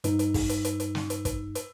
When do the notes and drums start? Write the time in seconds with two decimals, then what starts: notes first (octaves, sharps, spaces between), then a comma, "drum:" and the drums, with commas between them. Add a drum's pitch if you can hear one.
0.04 G2 D#4, drum: hi-hat
0.19 drum: hi-hat
0.34 drum: kick, open hi-hat
0.49 drum: hi-hat
0.65 drum: hi-hat
0.80 drum: hi-hat
0.95 drum: snare
1.10 drum: hi-hat
1.25 drum: kick, hi-hat
1.55 drum: hi-hat